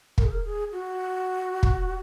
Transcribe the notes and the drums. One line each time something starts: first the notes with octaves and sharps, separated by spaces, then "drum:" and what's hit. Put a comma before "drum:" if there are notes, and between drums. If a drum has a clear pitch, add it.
A#4, drum: kick
G#4
A#4
G#4
F#4
drum: kick